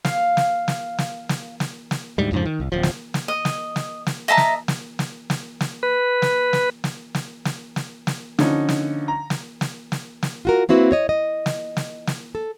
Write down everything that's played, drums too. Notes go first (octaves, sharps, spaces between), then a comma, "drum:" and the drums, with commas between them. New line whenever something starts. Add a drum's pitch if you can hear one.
F5, drum: snare
drum: snare
drum: snare
drum: snare
drum: snare
drum: snare
drum: snare
D2 G#2 G3
F2 G#2 C#3 F3
D#3
C2
D1 F3
drum: snare
drum: snare
D#5
drum: snare
drum: snare
drum: snare
D#5 E5 A5 A#5
drum: snare
drum: snare
drum: snare
drum: snare
drum: snare
B4
drum: snare
drum: snare
drum: snare
drum: snare
drum: snare
drum: snare
drum: snare
D3 F3 C#4 D#4, drum: snare
drum: snare
A#5
drum: snare
drum: snare
drum: snare
drum: snare
F4 F#4 A#4
A#3 C4 E4 F#4 B4
C#5 D#5
D#5
drum: snare
drum: snare
drum: snare
A4